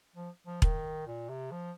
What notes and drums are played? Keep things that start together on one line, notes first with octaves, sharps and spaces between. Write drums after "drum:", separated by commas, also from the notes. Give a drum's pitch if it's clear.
F3
F3
D#3, drum: kick E1
A#2
C3
F3